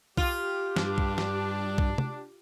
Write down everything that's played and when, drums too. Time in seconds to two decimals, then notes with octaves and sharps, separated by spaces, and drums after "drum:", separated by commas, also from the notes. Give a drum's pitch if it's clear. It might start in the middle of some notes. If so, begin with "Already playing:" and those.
0.17 F4 G4, drum: kick B1
0.76 G2 D4, drum: snare
0.98 drum: kick B1
1.18 drum: snare
1.78 drum: kick B1
1.98 drum: tom